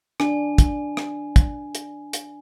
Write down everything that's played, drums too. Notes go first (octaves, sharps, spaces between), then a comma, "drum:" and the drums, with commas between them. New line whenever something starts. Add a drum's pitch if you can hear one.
D4 G#5, drum: rim click
drum: kick, hi-hat
drum: rim click
drum: kick, hi-hat
drum: hi-hat
drum: hi-hat